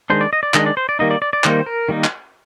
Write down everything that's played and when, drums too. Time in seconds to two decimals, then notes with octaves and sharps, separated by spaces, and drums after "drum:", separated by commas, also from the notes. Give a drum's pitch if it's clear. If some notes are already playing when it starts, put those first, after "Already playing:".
0.10 D#3 G#3 D4 C5
0.21 D5
0.33 D#5
0.43 D5
0.54 D#3 G#3 D4 D#5, drum: clap
0.66 D5
0.77 C5
0.89 D5
0.99 D#3 G3 A#3 D#4 D#5
1.11 D5
1.22 D5
1.33 D5
1.44 D#3 G3 A#3 D#4 C5, drum: clap
1.66 A#4
1.89 D#3 G3 A#3 D#4
2.04 drum: clap